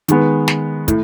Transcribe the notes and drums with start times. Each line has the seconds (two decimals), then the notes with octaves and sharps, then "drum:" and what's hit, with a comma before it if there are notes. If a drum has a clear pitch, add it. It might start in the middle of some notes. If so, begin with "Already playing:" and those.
0.08 D#3 G#3 B3, drum: hi-hat
0.48 drum: snare
0.88 A2, drum: kick, hi-hat